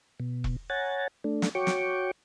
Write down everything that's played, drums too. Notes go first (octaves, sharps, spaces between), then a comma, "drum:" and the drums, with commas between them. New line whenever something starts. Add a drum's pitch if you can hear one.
B2
drum: kick E1
C#5 F#5 G#5 A#5 A6
A3 D4
drum: snare
F#4 C#5 G5 C#6 D6
drum: snare